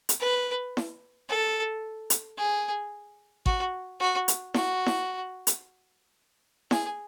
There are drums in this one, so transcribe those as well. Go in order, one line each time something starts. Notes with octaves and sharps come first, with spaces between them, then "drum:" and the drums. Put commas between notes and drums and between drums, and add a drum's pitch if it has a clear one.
drum: hi-hat
B4
drum: snare E4
A4
drum: hi-hat
G#4
F#4, drum: kick
F#4
drum: hi-hat
F#4, drum: snare E4
drum: snare E4
drum: hi-hat
G#4, drum: snare E4